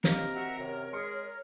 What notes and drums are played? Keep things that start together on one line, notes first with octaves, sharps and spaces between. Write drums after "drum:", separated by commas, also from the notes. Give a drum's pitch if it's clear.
A#3 C4 G4 A#4 D#5, drum: snare
F#4 E5 F#5
F#2 C3 D#3 C#5
G#3 G#4 C6 C#7